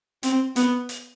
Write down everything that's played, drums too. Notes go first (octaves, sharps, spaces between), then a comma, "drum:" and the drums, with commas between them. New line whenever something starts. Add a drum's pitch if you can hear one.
C4, drum: hi-hat
B3, drum: hi-hat
drum: hi-hat